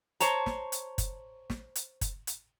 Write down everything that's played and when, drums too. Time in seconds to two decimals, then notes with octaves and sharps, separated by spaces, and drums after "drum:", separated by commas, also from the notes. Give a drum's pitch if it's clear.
0.20 C5 C#5 A5 A#5, drum: hi-hat
0.46 drum: snare
0.72 drum: hi-hat
0.98 drum: kick F#1, hi-hat
1.50 drum: snare
1.75 drum: hi-hat
2.01 drum: kick F#1, hi-hat
2.27 drum: hi-hat